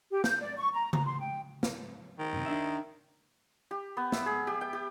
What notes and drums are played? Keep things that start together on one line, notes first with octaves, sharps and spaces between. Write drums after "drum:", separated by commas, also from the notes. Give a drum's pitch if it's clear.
G4
G6, drum: snare
D5
C#6
A#5
A#5, drum: tom C#3
C6
G5
drum: snare
D#3
F#2 C3
D4 E5
G4
B3
E5, drum: snare
G#4
G4
G5
G4